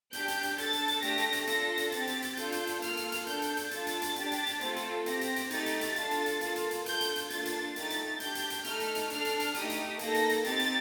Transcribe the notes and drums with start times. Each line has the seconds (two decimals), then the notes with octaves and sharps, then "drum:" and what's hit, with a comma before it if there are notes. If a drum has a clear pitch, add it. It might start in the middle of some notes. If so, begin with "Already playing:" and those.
0.13 D4 G4 G6, drum: hi-hat
0.28 drum: hi-hat
0.43 drum: hi-hat
0.58 D4 A4 A6, drum: hi-hat
0.73 drum: hi-hat
0.88 drum: hi-hat
1.02 A3 D4 G4 A#6, drum: hi-hat
1.18 drum: hi-hat
1.33 drum: hi-hat
1.47 D4 F4 A4 A#6, drum: hi-hat
1.77 drum: hi-hat
1.92 C4 G4 A6, drum: hi-hat
2.07 drum: hi-hat
2.22 drum: hi-hat
2.37 D4 F4 A4 G6, drum: hi-hat
2.52 drum: hi-hat
2.67 drum: hi-hat
2.82 A#3 F4 A4 F6, drum: hi-hat
2.97 drum: hi-hat
3.12 drum: hi-hat
3.27 D4 A4 G6, drum: hi-hat
3.42 drum: hi-hat
3.57 drum: hi-hat
3.71 D4 F4 A4 A6, drum: hi-hat
3.87 drum: hi-hat
4.02 drum: hi-hat
4.16 D4 G4, drum: hi-hat
4.32 drum: hi-hat
4.47 drum: hi-hat
4.61 A3 C4 F4 A4, drum: hi-hat
4.76 drum: hi-hat
5.06 C4 G4 A#6, drum: hi-hat
5.21 drum: hi-hat
5.36 drum: hi-hat
5.51 A3 D#4 G4 A6, drum: hi-hat
5.66 drum: hi-hat
5.81 drum: hi-hat
5.96 D4 F4 A4, drum: hi-hat
6.11 drum: hi-hat
6.26 drum: hi-hat
6.41 A#3 F4 A4, drum: hi-hat
6.56 drum: hi-hat
6.71 drum: hi-hat
6.86 D4 F4 A4 G6, drum: hi-hat
7.01 drum: hi-hat
7.16 drum: hi-hat
7.30 A#3 D4 F4 A4 A6, drum: hi-hat
7.45 drum: hi-hat
7.76 A3 D#4 G4 A6, drum: hi-hat
7.90 drum: hi-hat
8.20 D4 G4 G6, drum: hi-hat
8.35 drum: hi-hat
8.50 drum: hi-hat
8.64 A3 D#4 A4 F6, drum: hi-hat
8.80 drum: hi-hat
8.95 drum: hi-hat
9.10 D4 A4 F6, drum: hi-hat
9.25 drum: hi-hat
9.40 drum: hi-hat
9.54 A3 D#4 G4 D#6, drum: hi-hat
9.70 drum: hi-hat
9.99 A#3 D#4 A4 A#6, drum: hi-hat
10.15 drum: hi-hat
10.29 drum: hi-hat
10.44 C4 D#4 G4 A6, drum: hi-hat
10.59 drum: hi-hat